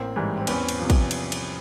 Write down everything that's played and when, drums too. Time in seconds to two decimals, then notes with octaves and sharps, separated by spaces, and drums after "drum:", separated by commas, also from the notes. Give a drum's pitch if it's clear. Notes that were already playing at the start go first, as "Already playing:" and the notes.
Already playing: A1 A#3 C4
0.16 G#2 E3 G3
0.37 C4
0.47 E2 B3 C#4, drum: cymbal
0.69 drum: cymbal
0.79 C3 F3
0.90 drum: kick, cymbal
1.11 drum: cymbal
1.32 drum: cymbal